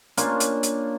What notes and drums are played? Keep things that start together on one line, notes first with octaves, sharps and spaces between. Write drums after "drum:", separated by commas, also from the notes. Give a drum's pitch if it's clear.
A#3 C#4 D4 F4, drum: hi-hat
drum: hi-hat
drum: hi-hat